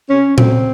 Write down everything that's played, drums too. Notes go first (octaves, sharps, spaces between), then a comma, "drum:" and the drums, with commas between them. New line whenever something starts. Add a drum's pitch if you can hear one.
C3 C#4
F#3 A3 C4, drum: tom A#2